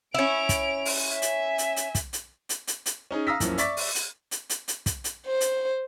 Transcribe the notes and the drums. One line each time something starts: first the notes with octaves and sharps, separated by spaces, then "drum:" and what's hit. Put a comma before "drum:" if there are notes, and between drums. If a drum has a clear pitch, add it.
C#4 E4 D7 F7
drum: kick, hi-hat
drum: open hi-hat
E5 G#5
drum: hi-hat
drum: hi-hat
drum: hi-hat
drum: kick, hi-hat
drum: hi-hat
drum: hi-hat
drum: hi-hat
drum: hi-hat
C#4 D#4 G#4
F5 A#5 D#6 E6 A#6 B6
F#2 E3 F3 A#3 C#4, drum: kick, hi-hat
D5 E5 C#6 D6 A6 B6, drum: hi-hat
drum: open hi-hat
drum: hi-hat
drum: hi-hat
drum: hi-hat
drum: hi-hat
drum: kick, hi-hat
drum: hi-hat
C5
drum: hi-hat